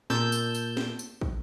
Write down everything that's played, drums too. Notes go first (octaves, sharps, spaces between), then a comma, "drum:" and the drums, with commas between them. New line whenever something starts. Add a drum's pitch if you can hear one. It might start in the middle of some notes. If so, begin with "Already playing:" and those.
A#2 A5 E6 G6, drum: snare
drum: tambourine
drum: tambourine
drum: snare
drum: tambourine
drum: kick